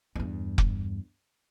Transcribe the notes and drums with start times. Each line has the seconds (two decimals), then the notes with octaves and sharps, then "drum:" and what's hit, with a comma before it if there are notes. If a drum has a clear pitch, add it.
0.16 E2 G2
0.58 drum: kick F1